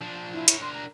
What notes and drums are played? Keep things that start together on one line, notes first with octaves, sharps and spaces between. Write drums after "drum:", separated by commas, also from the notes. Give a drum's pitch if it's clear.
F3 D4
E4
A#4 C#5, drum: hi-hat
D4 A#4 C6
A#5